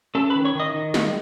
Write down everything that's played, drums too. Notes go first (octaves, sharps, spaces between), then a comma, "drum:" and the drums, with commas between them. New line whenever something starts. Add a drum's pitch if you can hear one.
C#4 A4 A5
B4 B5
D#3
C#5 C#6
D#3 D#5 D#6
D#3
G#3, drum: snare